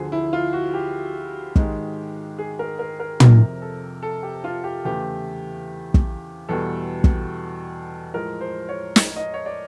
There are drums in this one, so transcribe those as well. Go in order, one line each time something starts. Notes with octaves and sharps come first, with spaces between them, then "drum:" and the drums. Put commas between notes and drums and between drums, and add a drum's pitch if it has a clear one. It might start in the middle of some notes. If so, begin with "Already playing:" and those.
Already playing: D2 D3 F3 G#4
E4
F4
F#4
G4
G#2 D#3 G#3, drum: kick
G#4
A#4
A#4
A#4
F2 C3 F3 A#4, drum: tom
A4
A4
G4
F4
G4
E2 C#3 E3 A3 G4
drum: kick
E2 B2 G3 A4
drum: kick
A2 F3 G#3 A#4
C5
C#5
drum: snare
D#5
C#5
D5